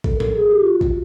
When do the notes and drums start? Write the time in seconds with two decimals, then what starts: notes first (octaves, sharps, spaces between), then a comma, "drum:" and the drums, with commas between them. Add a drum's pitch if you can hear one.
0.04 A4, drum: kick
0.16 A#4
0.20 A4, drum: tom A2
0.36 G#4
0.51 G4
0.60 F4
0.66 F#4
0.81 drum: kick